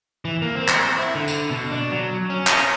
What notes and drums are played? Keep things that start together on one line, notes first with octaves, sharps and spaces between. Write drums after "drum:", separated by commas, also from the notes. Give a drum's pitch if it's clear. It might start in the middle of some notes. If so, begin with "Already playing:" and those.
E3
A#3
C4
C4, drum: clap
E4
D3
drum: tambourine
B2
D4
F#3
C#4
drum: clap